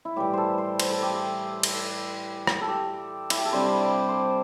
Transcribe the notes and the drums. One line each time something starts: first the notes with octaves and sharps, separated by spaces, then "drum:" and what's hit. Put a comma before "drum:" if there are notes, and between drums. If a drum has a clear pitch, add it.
E4
A2 E3 G3 G4
A4 C5
C5
C5, drum: cymbal
A4
G4
A4
drum: cymbal
drum: rim click
A4
G4
E4, drum: cymbal
G4
A4
C3 G3 D4 C5
D5
C5